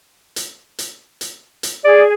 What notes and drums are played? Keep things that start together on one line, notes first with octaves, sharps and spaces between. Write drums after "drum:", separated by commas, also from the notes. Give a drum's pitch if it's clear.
drum: hi-hat
drum: hi-hat
drum: hi-hat
drum: hi-hat
G#4 D5